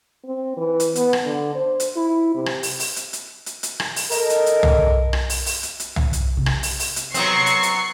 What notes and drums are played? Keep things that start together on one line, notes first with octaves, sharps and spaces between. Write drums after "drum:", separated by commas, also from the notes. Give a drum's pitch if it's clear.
C4
E3
drum: hi-hat
B3, drum: hi-hat
drum: rim click
D3
C5
drum: hi-hat
E4
C3
drum: rim click
drum: open hi-hat
drum: open hi-hat
drum: hi-hat
drum: hi-hat
drum: hi-hat
drum: hi-hat
drum: rim click
drum: open hi-hat
A4 A#4 D#5, drum: open hi-hat
drum: hi-hat
drum: hi-hat
drum: tom C2
drum: rim click
drum: open hi-hat
drum: open hi-hat
drum: hi-hat
drum: hi-hat
drum: tom C2
drum: hi-hat
C3
drum: rim click
drum: open hi-hat
drum: open hi-hat
drum: hi-hat
F#3 B3 C4 C#6 C7, drum: hi-hat
drum: hi-hat
drum: hi-hat